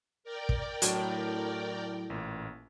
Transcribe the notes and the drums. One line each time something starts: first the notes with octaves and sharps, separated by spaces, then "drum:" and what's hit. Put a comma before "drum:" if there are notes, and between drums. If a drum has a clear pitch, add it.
A#4 D5 G5
drum: kick
A2 F#3 D4 C#5 C#6, drum: hi-hat
A1 A#2